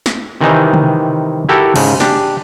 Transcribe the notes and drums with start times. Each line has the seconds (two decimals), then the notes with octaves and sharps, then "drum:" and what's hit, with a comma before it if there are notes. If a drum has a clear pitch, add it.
0.06 drum: snare
0.41 C3 D#3 E3 G3 D#4
0.74 drum: tom
1.49 E4 F#4 G4 A4 A#4
1.76 G#2 C#3, drum: cymbal
2.00 D4 G4, drum: snare